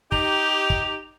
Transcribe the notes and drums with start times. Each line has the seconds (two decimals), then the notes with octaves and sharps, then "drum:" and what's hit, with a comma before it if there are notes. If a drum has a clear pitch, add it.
0.12 D#4 G4 F7, drum: kick
0.70 drum: kick